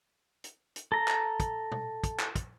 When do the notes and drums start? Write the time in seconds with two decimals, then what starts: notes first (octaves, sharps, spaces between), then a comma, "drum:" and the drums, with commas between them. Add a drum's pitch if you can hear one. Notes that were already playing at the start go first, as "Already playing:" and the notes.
0.44 drum: hi-hat
0.76 drum: hi-hat
0.92 A4 A#5
1.08 drum: clap
1.40 drum: kick, hi-hat
1.72 drum: tom B2
2.04 drum: kick, hi-hat
2.20 drum: clap
2.35 drum: kick, hi-hat